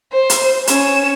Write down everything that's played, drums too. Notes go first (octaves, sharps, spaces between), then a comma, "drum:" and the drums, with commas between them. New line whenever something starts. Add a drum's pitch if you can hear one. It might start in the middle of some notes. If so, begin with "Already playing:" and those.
C5
drum: hi-hat
C#4 E7, drum: hi-hat